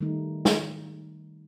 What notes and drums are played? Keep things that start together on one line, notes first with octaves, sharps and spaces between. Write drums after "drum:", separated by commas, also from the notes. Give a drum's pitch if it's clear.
D#3 G3 A3 D#4
drum: snare